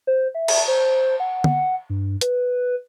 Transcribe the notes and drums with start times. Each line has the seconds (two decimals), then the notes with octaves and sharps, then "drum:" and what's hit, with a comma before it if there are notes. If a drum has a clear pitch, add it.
0.07 C5
0.35 E5
0.48 drum: cymbal
0.68 C5
1.20 F#5
1.44 drum: tom D3
1.90 G2
2.21 B4, drum: hi-hat